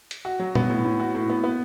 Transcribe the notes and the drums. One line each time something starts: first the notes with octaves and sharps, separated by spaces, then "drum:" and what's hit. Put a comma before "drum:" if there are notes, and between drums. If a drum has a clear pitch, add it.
drum: hi-hat
F#4
F#3
B3, drum: tom
A2
A2
F#4
A2
B3
B3